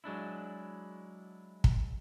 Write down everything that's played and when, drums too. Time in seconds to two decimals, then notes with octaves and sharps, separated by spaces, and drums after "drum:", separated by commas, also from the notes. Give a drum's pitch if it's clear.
0.04 F#3 G#3 D4 E4
1.64 drum: kick